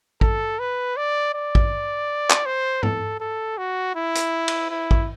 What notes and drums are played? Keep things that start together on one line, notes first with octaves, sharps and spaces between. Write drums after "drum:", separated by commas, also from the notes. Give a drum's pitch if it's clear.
A4, drum: kick
B4
D5
D5
drum: kick
drum: clap
C5
A4, drum: tom G#2
A4
F#4
E4
drum: hi-hat
drum: cymbal
E4
drum: kick